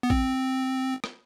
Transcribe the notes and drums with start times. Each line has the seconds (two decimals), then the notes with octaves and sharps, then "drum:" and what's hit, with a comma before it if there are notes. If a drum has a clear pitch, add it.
0.03 B3
0.10 C4, drum: kick
1.04 drum: rim click